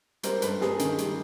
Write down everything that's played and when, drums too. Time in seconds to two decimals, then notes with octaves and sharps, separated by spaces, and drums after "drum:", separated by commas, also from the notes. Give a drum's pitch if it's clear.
0.23 G3 A#4 C5, drum: hi-hat
0.42 G2 A4 B4, drum: hi-hat
0.61 G2 G#4 A#4, drum: snare
0.79 D#3, drum: hi-hat
0.98 G3, drum: hi-hat